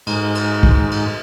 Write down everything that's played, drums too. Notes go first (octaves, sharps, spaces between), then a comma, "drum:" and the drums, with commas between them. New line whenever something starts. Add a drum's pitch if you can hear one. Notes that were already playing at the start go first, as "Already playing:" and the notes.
G#2, drum: cymbal
drum: cymbal
drum: kick
drum: cymbal